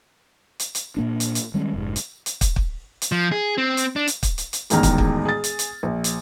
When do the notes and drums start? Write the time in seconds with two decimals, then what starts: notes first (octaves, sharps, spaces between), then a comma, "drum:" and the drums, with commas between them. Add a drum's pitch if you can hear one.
0.60 drum: hi-hat
0.75 drum: hi-hat
0.97 A#2 A#3 D4
1.20 drum: hi-hat
1.35 drum: hi-hat
1.54 D#3 G3 G#3 C#4
1.74 F1 G#2
1.96 drum: hi-hat
2.26 drum: hi-hat
2.41 drum: kick, hi-hat
2.56 drum: kick
3.02 drum: hi-hat
3.12 F3
3.32 G#4
3.58 C4
3.77 drum: hi-hat
3.96 D4
4.07 drum: hi-hat
4.23 drum: kick, hi-hat
4.38 drum: hi-hat
4.53 drum: hi-hat
4.70 E1 A1 E2 D#3 A#5 F6, drum: hi-hat
4.83 drum: kick, hi-hat
4.98 drum: kick
5.25 G#4 A6
5.44 drum: hi-hat
5.59 drum: hi-hat
5.83 A#1
6.04 drum: hi-hat